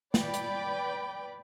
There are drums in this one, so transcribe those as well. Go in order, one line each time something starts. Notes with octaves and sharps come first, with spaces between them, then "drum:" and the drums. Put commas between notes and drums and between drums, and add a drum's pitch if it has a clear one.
B4 D5 G5 B5, drum: snare
drum: hi-hat